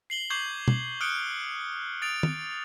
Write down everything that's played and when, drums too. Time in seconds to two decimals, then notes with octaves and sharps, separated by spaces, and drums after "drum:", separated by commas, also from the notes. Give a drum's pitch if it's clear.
0.10 C7 F#7 G7
0.30 C#6 D6 G6 G#6 C7 F#7
0.68 drum: tom
1.01 D#6 F6 F#6 C#7 D7 G7
2.02 D#6 A6 D7 F7
2.23 drum: tom